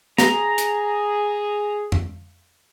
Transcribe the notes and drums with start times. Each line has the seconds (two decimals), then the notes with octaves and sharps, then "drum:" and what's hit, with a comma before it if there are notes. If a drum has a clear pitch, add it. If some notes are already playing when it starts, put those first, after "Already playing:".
0.18 G#4 A#5, drum: snare
0.58 drum: hi-hat
1.92 drum: tom F2